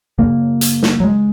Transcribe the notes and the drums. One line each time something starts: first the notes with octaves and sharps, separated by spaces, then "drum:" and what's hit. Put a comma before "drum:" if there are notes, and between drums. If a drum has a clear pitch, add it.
F#2 C#3 A#3
drum: hi-hat
drum: snare
F#3
G#3